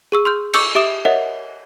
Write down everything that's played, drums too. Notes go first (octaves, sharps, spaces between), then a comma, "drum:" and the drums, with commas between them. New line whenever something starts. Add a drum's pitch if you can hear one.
G#4 C#6 E6
C6 F6 G6
C#6 D6 E6 G6 C#7, drum: cymbal
G4 E5 D6 D#6 E7
A#4 C#5 D#5 E5 F#5